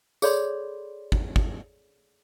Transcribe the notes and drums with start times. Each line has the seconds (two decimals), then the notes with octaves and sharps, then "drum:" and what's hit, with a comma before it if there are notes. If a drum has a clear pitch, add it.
0.22 G#4 A4 C#5 D5 B5 C6, drum: tambourine
1.12 drum: kick
1.36 drum: kick